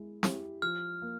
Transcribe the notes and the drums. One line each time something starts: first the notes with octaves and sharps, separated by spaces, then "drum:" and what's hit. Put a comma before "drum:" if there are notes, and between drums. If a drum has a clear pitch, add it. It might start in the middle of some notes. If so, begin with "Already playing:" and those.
Already playing: G#3 E4
E4 G4, drum: snare
F3 F6
A#3